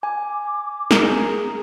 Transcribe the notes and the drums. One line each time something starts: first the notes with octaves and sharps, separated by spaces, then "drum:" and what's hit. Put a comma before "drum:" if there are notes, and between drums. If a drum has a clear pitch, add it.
G#5 D6
G#4 A#4, drum: snare